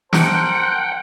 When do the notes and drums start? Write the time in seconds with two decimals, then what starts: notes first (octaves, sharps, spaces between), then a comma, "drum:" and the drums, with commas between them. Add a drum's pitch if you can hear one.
0.13 A#4 C5 F#5 G5 A5, drum: snare